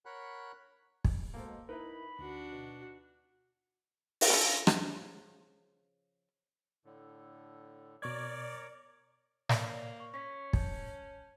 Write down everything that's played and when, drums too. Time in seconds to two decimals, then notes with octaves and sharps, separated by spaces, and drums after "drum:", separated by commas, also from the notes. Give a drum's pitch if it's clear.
0.06 A#4 C#5 F#5 B5 F#6
1.05 drum: kick
1.34 B2 G#3 A#3 A4 C5
1.69 D#4 E4 A#4 B4 B5
2.19 D2 D4 F#4
2.51 B2
4.21 drum: open hi-hat
4.30 C#3 F3 A4
4.67 drum: rim click
6.85 A2 D3
8.02 B2 A#4 C#5 D5 C#6 D6 G#6
9.49 A#3 C#5 D5, drum: snare
10.00 C#6
10.14 C#4 C#6 B6
10.53 A5 G6, drum: kick